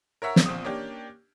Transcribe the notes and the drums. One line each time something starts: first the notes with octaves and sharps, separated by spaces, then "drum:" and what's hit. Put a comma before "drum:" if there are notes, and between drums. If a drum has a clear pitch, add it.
A#4 C#5 E5 F#5 A#5
drum: snare
A#1 A#2 C4 D#6
A#3 C#4 D4 G4